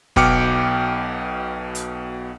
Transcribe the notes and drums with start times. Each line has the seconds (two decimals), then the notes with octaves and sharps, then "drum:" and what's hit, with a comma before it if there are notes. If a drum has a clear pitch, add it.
0.16 B1 B2 G5 D6 F6 C#7, drum: kick
1.75 drum: hi-hat